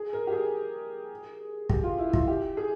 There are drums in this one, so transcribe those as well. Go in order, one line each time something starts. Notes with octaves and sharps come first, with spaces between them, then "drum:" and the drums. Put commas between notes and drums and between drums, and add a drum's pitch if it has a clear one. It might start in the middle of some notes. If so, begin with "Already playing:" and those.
Already playing: G#4
A#4
G4
G#4
G4, drum: kick
F4
E4
E4
F4, drum: kick
G4
G#4